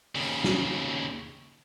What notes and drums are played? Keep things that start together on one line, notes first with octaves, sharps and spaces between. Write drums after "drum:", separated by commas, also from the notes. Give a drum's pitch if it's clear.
D#2 C#3, drum: open hi-hat
drum: snare